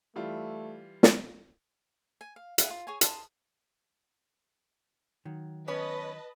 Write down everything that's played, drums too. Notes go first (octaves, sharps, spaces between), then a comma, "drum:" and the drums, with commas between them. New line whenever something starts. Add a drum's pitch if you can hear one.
E3 G3 A3 F4
drum: snare
G#5
F5
E4 G#4 F5 F#5, drum: hi-hat
F4
G#4 C#5 G#5
A5 C6 D#6, drum: hi-hat
D#3 F#3
B3 C#4 B4 C#5 D#5 A5